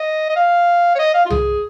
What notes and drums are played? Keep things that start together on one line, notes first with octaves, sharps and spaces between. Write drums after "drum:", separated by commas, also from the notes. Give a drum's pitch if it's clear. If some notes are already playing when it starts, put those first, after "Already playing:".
Already playing: D#5
D#5
F5
C#5
D#5
F5
F4
G#4, drum: tom C2